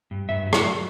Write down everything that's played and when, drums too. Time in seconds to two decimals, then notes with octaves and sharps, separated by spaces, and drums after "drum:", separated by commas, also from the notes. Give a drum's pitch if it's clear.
0.11 G2
0.29 G2 E5
0.46 F#3
0.53 C#5, drum: rim click
0.64 F#3